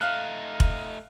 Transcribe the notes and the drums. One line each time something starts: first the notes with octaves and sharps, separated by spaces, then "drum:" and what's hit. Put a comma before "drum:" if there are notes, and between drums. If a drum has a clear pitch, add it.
A3 D#4 F5 F6 F#6
drum: kick F1